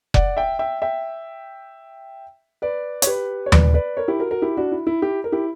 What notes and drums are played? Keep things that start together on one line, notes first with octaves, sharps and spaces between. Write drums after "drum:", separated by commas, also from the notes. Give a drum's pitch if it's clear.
D5 F#5, drum: kick F1
E5 G5
E5 G5
E5 G5
B4 D5
C#5, drum: hi-hat
G4 B4
C#5
B4 D5, drum: tom D#2
B4 D5
A#4 C#5
E4 G4
F#4 A#4
F#4 A#4
E4 G4
D4 F#4
E4
E4
E4 G4
A#4
E4 G4